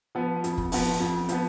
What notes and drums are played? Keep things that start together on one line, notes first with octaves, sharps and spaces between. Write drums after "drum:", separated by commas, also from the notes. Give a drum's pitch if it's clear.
F3 B3
F2, drum: hi-hat
drum: kick
F3 B3, drum: open hi-hat
F2
F3 B3, drum: hi-hat